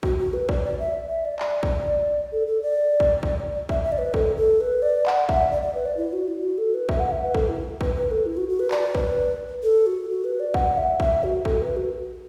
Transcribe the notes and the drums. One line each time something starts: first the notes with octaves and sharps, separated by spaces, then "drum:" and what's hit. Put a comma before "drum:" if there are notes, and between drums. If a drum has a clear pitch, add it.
F#4, drum: kick
F#4
B4
D5, drum: kick
D5
E5
E5
D5
D5, drum: clap
drum: kick
A4
A4
D5
drum: kick
drum: kick
E5, drum: kick
E5
D5
B4
A4, drum: kick
A4
B4
D5
F#5, drum: clap
E5, drum: kick
D5
D5
B4
D5
E4
F#4
E4
F#4
A4
B4
E5, drum: kick
F#5
E5
B4
A4, drum: kick
E4
B4, drum: kick
B4
A4
E4
F#4
F#4
B4
D5, drum: clap
B4, drum: kick
A4
F#4
F#4
B4
D5
F#5, drum: kick
E5
E5, drum: kick
F#4
A4, drum: kick
B4
F#4